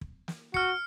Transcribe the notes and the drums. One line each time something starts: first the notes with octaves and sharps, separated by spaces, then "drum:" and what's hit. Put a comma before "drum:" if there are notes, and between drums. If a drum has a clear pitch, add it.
drum: kick
drum: snare
F#4 F6 C#7, drum: kick